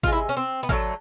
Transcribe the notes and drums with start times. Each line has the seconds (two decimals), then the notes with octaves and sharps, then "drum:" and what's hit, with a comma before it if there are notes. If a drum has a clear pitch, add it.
0.03 C3 E3 G#3 F4, drum: kick
0.12 E4
0.29 C#4
0.37 C4
0.63 B3
0.69 D3 F#3 A3 A#3, drum: kick